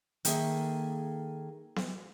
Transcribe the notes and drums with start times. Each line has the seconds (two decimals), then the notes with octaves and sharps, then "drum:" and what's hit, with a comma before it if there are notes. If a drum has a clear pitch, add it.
0.25 D#3 A#3 G#4 A4 C5 E5, drum: hi-hat
1.76 drum: snare B3